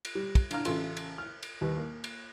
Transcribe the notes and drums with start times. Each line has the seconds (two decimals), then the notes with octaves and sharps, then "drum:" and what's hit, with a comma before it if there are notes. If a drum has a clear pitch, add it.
0.05 drum: cymbal
0.15 G3
0.35 drum: kick, cymbal
0.51 D3 D4 F5 A#5 F6, drum: cymbal
0.65 A1 C#3 F4 A4 C6, drum: cymbal
0.97 drum: cymbal
1.18 F6
1.43 drum: cymbal
1.61 D#2 G3 B4
1.77 A#3
2.04 drum: cymbal